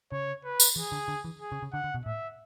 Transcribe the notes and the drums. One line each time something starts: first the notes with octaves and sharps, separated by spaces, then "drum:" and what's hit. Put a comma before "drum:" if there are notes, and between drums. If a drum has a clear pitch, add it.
C#3 C#5
B4
drum: tambourine
E3 G#4
D3
D3
E3
G#4
C#3
C#3
D3 F#5
D3
B2
A2 E5